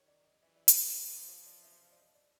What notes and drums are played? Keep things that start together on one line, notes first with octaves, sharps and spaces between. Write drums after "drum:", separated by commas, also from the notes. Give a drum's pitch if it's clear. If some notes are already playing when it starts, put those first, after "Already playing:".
Already playing: D#3 C#5
D5
D#5
E3 E5
D5
A#4, drum: hi-hat
C5
F3 B4
C#5
D5
E5
F5
D5
D#5
D5